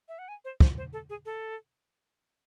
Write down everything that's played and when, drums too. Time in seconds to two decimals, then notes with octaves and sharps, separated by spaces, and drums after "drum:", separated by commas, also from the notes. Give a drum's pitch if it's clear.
0.08 E5
0.19 F#5
0.28 G#5
0.45 C5
0.60 C5, drum: kick
0.77 C5
0.93 A4
1.10 G#4
1.26 A4